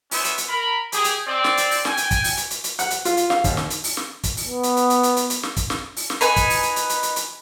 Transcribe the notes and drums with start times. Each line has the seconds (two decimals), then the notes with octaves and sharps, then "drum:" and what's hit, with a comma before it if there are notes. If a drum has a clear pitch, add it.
0.11 B3 C#4 E4 C5 E5, drum: open hi-hat
0.25 drum: hi-hat
0.38 drum: hi-hat
0.48 A#4 B5
0.92 G4 G#4, drum: hi-hat
1.04 drum: hi-hat
1.26 C4 D5
1.44 drum: snare
1.58 drum: hi-hat
1.71 drum: open hi-hat
1.85 G5 G#5, drum: snare
1.98 drum: hi-hat
2.11 drum: kick, hi-hat
2.24 drum: open hi-hat
2.37 drum: hi-hat
2.51 drum: hi-hat
2.64 drum: hi-hat
2.79 F#5, drum: hi-hat
2.91 drum: hi-hat
3.05 F4, drum: hi-hat
3.17 drum: hi-hat
3.30 F5, drum: snare
3.44 D#2, drum: kick, hi-hat
3.57 drum: snare
3.70 drum: hi-hat
3.84 drum: open hi-hat
3.97 drum: snare
4.24 drum: kick, hi-hat
4.37 drum: open hi-hat
4.46 B3
4.64 drum: hi-hat
4.77 drum: hi-hat
4.90 drum: hi-hat
5.03 drum: hi-hat
5.17 drum: hi-hat
5.30 drum: hi-hat
5.43 drum: snare
5.57 drum: kick, hi-hat
5.70 drum: snare
5.97 drum: open hi-hat
6.10 drum: snare
6.21 D#4 B4 G#5, drum: hi-hat
6.36 drum: kick, hi-hat
6.50 drum: open hi-hat
6.63 drum: hi-hat
6.76 drum: hi-hat
6.90 drum: hi-hat
7.03 drum: hi-hat
7.16 drum: hi-hat